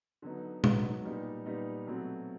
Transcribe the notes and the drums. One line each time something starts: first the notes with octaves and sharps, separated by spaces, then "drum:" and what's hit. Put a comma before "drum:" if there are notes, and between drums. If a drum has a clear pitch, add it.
D3 F#3 B3 D#4
D3 F#3 B3 D#4, drum: tom B2
A#2 G3 B3 D#4
A#2 G3 B3 D#4
B2 F#3 A3 C4